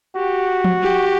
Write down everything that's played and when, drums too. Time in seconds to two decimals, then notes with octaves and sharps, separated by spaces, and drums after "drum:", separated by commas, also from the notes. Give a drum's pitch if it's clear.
0.16 F#4 G4
0.64 drum: tom F3
0.83 G4